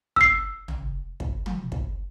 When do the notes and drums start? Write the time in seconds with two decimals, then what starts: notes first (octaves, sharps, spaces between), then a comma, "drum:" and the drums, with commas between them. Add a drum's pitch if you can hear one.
0.16 E6 C7, drum: kick
0.68 drum: tom
1.20 drum: kick
1.46 drum: tom
1.72 drum: kick